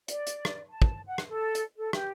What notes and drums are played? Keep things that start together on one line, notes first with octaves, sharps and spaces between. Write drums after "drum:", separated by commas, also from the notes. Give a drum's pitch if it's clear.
D5, drum: hi-hat
drum: hi-hat
drum: rim click
A5
drum: kick
F#5
drum: rim click
A4
drum: hi-hat
A4
G4, drum: rim click